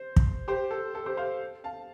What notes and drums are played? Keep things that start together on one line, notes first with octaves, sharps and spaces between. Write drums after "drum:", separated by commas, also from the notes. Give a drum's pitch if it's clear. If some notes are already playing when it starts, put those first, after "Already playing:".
Already playing: C5
drum: kick
G4 C5
A4
A4
G4 C5
C5 F5
F5 A5